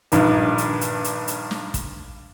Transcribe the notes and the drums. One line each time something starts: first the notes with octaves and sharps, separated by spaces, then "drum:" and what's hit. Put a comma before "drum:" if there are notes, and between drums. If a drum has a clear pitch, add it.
A#1 G2 D#3, drum: hi-hat
drum: hi-hat
drum: hi-hat
drum: hi-hat
drum: hi-hat
drum: snare
drum: kick, hi-hat